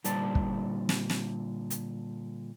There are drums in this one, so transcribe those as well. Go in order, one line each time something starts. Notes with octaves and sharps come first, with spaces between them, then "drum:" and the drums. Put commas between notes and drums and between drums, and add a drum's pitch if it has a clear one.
A#2 D3 G3 C5 D5 A5, drum: hi-hat
drum: kick
drum: snare
drum: snare
drum: hi-hat